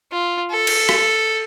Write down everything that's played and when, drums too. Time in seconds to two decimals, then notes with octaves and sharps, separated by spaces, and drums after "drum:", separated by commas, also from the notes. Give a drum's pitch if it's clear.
0.12 F4
0.52 A4
0.67 drum: cymbal
0.89 drum: rim click